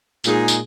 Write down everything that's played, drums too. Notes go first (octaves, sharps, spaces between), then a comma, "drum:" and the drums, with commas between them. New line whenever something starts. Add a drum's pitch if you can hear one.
A#2 G#3 D#4 G#4, drum: tambourine
drum: tambourine